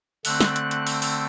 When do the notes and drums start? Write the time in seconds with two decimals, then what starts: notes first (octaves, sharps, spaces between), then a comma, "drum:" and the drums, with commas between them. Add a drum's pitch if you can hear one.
0.25 D3 A3 C4 F#6, drum: open hi-hat
0.40 drum: snare
0.56 drum: hi-hat
0.71 drum: hi-hat
0.87 drum: open hi-hat
1.02 drum: open hi-hat